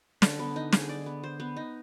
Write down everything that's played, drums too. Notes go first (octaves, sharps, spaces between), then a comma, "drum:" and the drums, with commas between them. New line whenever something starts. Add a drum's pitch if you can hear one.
D3 D5, drum: snare
B3
D#4
G#4, drum: snare
D5
B3
C5
B3
D#4